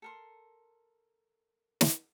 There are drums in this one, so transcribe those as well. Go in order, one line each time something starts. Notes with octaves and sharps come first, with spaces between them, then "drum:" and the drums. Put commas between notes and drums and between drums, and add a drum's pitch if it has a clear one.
A4 A#4 C6
drum: snare